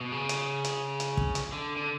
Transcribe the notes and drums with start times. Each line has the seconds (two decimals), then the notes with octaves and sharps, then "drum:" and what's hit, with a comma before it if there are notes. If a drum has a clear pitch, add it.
0.01 B2
0.12 C#3
0.29 drum: hi-hat
0.64 drum: hi-hat
1.00 drum: hi-hat
1.17 drum: kick
1.35 drum: hi-hat
1.53 D3
1.77 D3